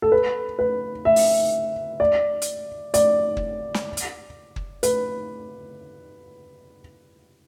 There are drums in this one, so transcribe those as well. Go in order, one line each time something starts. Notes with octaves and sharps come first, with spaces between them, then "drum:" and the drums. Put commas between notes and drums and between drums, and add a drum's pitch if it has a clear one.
A4
B4
B4
E5
drum: open hi-hat
D5
drum: hi-hat
D5, drum: hi-hat
drum: kick
drum: snare
drum: hi-hat
drum: kick
B4, drum: hi-hat